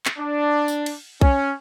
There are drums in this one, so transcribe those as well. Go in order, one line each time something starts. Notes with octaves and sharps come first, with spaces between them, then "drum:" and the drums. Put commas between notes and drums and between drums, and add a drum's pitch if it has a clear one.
drum: clap
D4
drum: tambourine
drum: cymbal
C#4, drum: kick B1